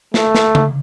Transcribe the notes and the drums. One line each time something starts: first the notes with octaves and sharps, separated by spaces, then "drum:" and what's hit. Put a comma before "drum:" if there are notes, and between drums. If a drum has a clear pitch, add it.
A3, drum: snare
drum: snare
drum: tom C#3